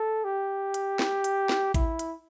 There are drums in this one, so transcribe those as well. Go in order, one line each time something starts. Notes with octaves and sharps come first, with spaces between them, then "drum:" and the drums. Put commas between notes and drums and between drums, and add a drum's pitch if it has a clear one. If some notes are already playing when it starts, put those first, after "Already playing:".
Already playing: A4
G4
drum: hi-hat
drum: snare
drum: hi-hat
drum: snare
E4, drum: kick A1, hi-hat
drum: hi-hat